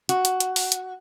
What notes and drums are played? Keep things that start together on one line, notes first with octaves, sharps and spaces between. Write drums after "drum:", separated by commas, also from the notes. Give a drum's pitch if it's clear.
F#4, drum: hi-hat
drum: hi-hat
drum: hi-hat
drum: open hi-hat
drum: hi-hat